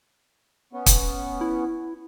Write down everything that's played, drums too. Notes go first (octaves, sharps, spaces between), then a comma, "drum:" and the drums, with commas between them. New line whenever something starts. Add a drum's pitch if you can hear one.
B3 C#4
drum: kick, hi-hat
E4